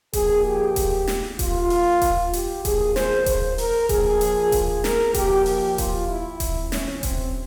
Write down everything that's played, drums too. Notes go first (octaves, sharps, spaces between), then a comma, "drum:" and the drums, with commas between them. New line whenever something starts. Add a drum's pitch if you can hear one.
A#2 F3 G#4, drum: kick D#1, hi-hat
G4
drum: kick D#1, hi-hat
drum: snare
A#2 F3 F4, drum: kick D#1, hi-hat
drum: open hi-hat
drum: kick D#1, hi-hat
G4, drum: hi-hat
A#2 F3 G#4, drum: kick D#1, hi-hat
C5, drum: snare
C5, drum: kick D#1, hi-hat
A#4, drum: open hi-hat
A#2 F3 G#4, drum: kick D#1, hi-hat
drum: hi-hat
drum: kick D#1, hi-hat
A#4, drum: snare
A#2 F3 G4, drum: kick D#1, hi-hat
G4, drum: open hi-hat
F4, drum: kick D#1, hi-hat
E4
C3 F3, drum: kick D#1, hi-hat
C#4, drum: snare
C4, drum: kick D#1, hi-hat